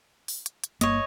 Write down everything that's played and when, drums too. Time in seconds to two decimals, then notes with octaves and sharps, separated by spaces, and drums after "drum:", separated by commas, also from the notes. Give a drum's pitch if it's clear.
0.28 drum: open hi-hat
0.46 drum: hi-hat
0.64 drum: hi-hat
0.81 G1 A#3 C#5 D#5, drum: hi-hat